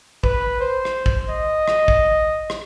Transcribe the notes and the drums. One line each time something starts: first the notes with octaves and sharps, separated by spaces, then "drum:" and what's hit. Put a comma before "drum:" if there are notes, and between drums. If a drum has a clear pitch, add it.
B4, drum: kick
C5
drum: rim click
drum: kick
D#5
drum: rim click
drum: kick
drum: rim click